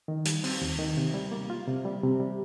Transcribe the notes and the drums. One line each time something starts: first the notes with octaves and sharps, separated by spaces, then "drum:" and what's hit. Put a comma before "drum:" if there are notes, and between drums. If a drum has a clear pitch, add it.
D#3
G3, drum: hi-hat
C4, drum: open hi-hat
D#2
D#3
C3
G3
A#3
F4
C3
G3
C3
G3